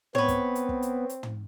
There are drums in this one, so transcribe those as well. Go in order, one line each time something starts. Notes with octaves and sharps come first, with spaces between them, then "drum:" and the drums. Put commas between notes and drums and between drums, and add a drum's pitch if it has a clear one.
B3 C4 B4 C#5, drum: tom
drum: kick, hi-hat
drum: hi-hat
drum: kick
drum: hi-hat
drum: hi-hat
drum: tom